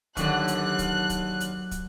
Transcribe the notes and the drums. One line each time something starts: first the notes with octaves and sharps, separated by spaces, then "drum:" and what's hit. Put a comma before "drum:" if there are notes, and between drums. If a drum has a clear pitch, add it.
D#2 D3 F#3 F#6, drum: kick, hi-hat
drum: hi-hat
drum: kick, hi-hat
drum: kick, hi-hat
drum: hi-hat
drum: kick, hi-hat